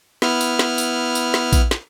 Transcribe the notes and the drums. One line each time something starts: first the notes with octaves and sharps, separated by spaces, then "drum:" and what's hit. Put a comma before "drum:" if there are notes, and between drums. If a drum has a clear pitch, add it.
B3 E4 F6, drum: snare
drum: tambourine
drum: snare
drum: tambourine
drum: tambourine
drum: snare
drum: kick A#1, tambourine
drum: snare